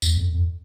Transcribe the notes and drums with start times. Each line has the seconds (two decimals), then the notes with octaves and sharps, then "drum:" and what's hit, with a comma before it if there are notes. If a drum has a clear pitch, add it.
0.02 E2, drum: tambourine
0.17 F2
0.33 F2